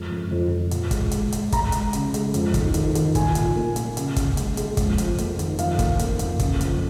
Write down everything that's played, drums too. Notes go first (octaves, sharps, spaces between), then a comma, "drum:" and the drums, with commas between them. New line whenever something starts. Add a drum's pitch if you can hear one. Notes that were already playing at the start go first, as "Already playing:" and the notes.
Already playing: F2 G#3
F2
F2
F2
A#2, drum: hi-hat
G#3, drum: kick, hi-hat
G#3, drum: hi-hat
G#3, drum: hi-hat
G#3 A#5, drum: kick, hi-hat
G#3, drum: hi-hat
C#3, drum: hi-hat
G#3, drum: hi-hat
F2, drum: hi-hat
D#3, drum: kick, hi-hat
D#3, drum: hi-hat
D#3, drum: hi-hat
A#2 G#5, drum: kick, hi-hat
A#2, drum: hi-hat
A#3
A#3, drum: hi-hat
C#3, drum: hi-hat
C#3, drum: kick, hi-hat
G#3, drum: hi-hat
G#3, drum: hi-hat
F2, drum: kick, hi-hat
F2, drum: hi-hat
A#3, drum: hi-hat
D#3, drum: hi-hat
F2 F5, drum: hi-hat
A#3, drum: kick, hi-hat
A#3, drum: hi-hat
F2, drum: hi-hat
C#3, drum: kick, hi-hat
F2, drum: hi-hat